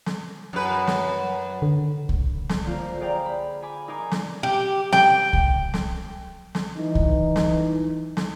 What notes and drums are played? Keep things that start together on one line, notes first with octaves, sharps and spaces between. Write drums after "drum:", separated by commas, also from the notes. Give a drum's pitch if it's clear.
drum: snare
F#2 B4
drum: snare
D3
drum: kick C2
drum: snare
D3 F3 A#3 F4 C5
F4 G#4 D5 F5 G5 A#5
B5
G#5 B5 D6
D#4 A#4 G#5 C6 D6
drum: snare
G4
G5, drum: snare
drum: kick C2
drum: snare
drum: snare
E3 D#4
drum: kick C2
drum: snare
drum: snare